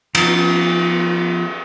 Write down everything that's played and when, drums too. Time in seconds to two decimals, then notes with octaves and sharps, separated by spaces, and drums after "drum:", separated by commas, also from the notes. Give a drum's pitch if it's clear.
0.15 F3 B3 A#5, drum: cymbal